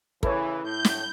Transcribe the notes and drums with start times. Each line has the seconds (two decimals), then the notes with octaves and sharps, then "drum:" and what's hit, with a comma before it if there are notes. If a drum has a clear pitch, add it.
0.23 C#3 E3 E4 A4 B4 C#5, drum: kick
0.64 A2 G6
0.85 drum: snare